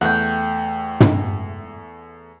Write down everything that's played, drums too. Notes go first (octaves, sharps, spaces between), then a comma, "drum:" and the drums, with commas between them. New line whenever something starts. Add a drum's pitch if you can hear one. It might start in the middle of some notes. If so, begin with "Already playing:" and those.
E2 A3 F#5 G5
drum: tom